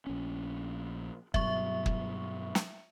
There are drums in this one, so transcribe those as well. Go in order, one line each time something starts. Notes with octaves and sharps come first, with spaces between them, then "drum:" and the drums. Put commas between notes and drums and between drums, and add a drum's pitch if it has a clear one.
A#1 C#4
G2 B2 F#3 E5 C#6, drum: kick
drum: kick
drum: snare